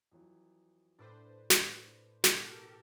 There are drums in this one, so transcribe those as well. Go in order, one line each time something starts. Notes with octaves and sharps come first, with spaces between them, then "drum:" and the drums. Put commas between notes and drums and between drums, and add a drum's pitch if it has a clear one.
F2 E3 F#3
A2 D4 B4 C5 D6 E6 A6
drum: snare
B2 E3 B3 G4 A4 A#4 E6 D7, drum: snare